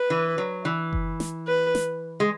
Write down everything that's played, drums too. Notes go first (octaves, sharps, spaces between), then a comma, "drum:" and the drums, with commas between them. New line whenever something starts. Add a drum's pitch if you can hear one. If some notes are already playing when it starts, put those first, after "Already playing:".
Already playing: B4
E3
F#3
E3
drum: kick F#1
drum: snare
B4
drum: snare
G#3